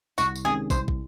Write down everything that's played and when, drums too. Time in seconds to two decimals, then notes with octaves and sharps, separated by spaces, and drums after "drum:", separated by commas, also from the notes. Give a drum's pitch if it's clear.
0.18 C2 F#4, drum: tambourine
0.36 drum: tambourine
0.45 C3 D#3 G#3 C#4 G#4
0.70 C2 C5, drum: kick, tambourine
0.88 drum: kick